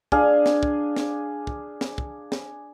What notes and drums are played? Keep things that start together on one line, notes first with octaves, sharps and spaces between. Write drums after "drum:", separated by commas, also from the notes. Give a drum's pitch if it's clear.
D4 G#4 F5, drum: kick
drum: snare
drum: kick
drum: snare
drum: kick
drum: snare
drum: kick
drum: snare